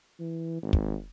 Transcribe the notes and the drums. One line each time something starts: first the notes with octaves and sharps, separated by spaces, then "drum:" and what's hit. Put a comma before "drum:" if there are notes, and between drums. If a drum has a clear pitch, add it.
E3
G#1
drum: kick